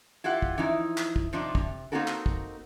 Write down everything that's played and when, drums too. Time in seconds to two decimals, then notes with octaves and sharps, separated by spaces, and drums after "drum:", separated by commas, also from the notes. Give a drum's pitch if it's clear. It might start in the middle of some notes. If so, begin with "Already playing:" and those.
0.24 E4 F4 G4 F#5
0.42 drum: kick
0.58 E3 F3 D#4 E4
0.97 drum: clap
1.16 drum: kick
1.33 C3 F3 D4 D#4 F4
1.55 C3, drum: kick
1.92 A#3 C4 D#4 F#4 A4 A#4
2.08 drum: clap
2.26 drum: kick